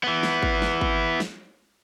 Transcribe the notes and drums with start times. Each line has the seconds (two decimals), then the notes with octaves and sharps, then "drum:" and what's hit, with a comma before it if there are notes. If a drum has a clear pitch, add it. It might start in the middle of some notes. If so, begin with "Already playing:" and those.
0.04 E3 B3
0.23 drum: snare
0.43 drum: kick G#1
0.62 drum: snare
0.81 drum: kick G#1
1.20 drum: snare